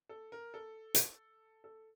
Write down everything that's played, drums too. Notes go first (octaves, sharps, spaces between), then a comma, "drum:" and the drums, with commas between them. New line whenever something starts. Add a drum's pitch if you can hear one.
A4
A#4
A4
drum: hi-hat
A4